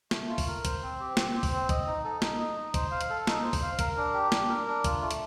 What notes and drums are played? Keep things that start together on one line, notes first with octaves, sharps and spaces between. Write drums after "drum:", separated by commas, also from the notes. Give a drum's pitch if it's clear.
A3, drum: snare
F4
drum: kick B1, open hi-hat
A#4
C5, drum: kick B1, hi-hat
C4
G4
C4, drum: snare
C5
drum: kick B1, open hi-hat
C4
D#5, drum: kick B1, hi-hat
D#4
A4
D#4, drum: snare
D#5
D#4
C5, drum: kick B1, hi-hat
F5
drum: hi-hat
A4
D#4, drum: snare
C5
drum: kick B1, open hi-hat
F5
A#4, drum: kick B1, hi-hat
D4
G4
D4, drum: snare
A#4
D4
F4, drum: kick B1, hi-hat
A3
drum: hi-hat